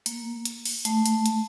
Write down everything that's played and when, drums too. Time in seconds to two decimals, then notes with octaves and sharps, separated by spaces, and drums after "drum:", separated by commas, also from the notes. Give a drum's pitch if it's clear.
0.06 A#3, drum: hi-hat
0.45 drum: hi-hat
0.65 drum: open hi-hat
0.85 A3, drum: hi-hat
1.06 drum: hi-hat
1.26 drum: hi-hat